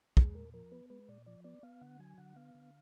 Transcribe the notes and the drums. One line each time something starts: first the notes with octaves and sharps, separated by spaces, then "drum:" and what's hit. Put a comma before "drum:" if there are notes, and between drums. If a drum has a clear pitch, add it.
G#3 G#4, drum: kick
A#2 A#4
F3 A#4
B3 B4
G#3 B4
A#2 D5
F3 D5
B3 D5
B3 F5
D3 F#5
F#3 G#5
D3 F#5
B3 F5
D3